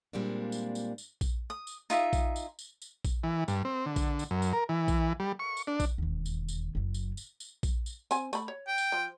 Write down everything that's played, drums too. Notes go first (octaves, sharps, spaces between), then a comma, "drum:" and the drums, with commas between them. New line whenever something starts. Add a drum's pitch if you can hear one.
A#2 G3 G#3 A#3 C4 D4
drum: tambourine
drum: tambourine
drum: tambourine
drum: kick A#1, tambourine
D#6
drum: tambourine
D#4 F4 G#4 E5, drum: tambourine
drum: kick A#1, tambourine
drum: tambourine
drum: tambourine
drum: tambourine
drum: kick A#1, tambourine
E3
G2, drum: tambourine
C4
D3
drum: kick A#1, tambourine
drum: tambourine
F#2
drum: tambourine
A#4
E3
drum: kick A#1, tambourine
G3
C#6
drum: tambourine
D4
drum: kick A#1, tambourine
E1 D#2
drum: tambourine
drum: tambourine
F#1 F#3
drum: tambourine
drum: tambourine
drum: tambourine
drum: kick A#1, tambourine
drum: tambourine
C4 G#5, drum: tambourine
A3 B5, drum: tambourine
C#5
G5
drum: tambourine
F3